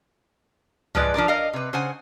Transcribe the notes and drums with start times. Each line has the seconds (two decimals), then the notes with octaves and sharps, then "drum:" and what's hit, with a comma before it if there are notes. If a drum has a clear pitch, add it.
0.95 F3 G#3 B4 D5, drum: tom C2
1.14 F3 D4 A#4 D5
1.28 A#4 D#5 F5
1.53 C3 B4
1.73 C#3 C5 F#5 G#5